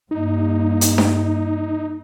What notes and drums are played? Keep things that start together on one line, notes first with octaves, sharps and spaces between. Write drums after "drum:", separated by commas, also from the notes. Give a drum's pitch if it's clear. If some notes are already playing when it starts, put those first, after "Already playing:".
G2 A#3 D#4
drum: hi-hat
drum: snare D4